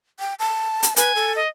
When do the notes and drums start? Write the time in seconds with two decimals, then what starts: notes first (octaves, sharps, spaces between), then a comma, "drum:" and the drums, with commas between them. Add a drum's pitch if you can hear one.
0.20 G5
0.39 A5
0.83 drum: hi-hat
0.96 B4 G#5, drum: hi-hat
1.15 A4
1.36 D#5